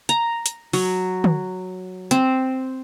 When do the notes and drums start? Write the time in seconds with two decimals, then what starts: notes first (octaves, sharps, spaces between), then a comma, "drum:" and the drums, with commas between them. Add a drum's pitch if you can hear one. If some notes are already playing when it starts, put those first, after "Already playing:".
0.09 A#5, drum: hi-hat
0.46 drum: hi-hat
0.73 F#3, drum: open hi-hat
1.24 drum: tom
2.11 C4, drum: hi-hat